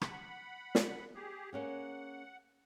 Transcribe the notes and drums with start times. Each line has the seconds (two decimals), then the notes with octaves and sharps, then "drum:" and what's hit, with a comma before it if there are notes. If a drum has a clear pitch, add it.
0.01 F#5 B5, drum: rim click
0.75 drum: snare
1.15 G4 G#4
1.53 A#3 C#4 G#4 F#5